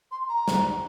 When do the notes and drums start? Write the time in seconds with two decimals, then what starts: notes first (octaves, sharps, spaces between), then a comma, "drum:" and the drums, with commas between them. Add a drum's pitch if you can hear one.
0.12 C6
0.29 A#5
0.48 drum: snare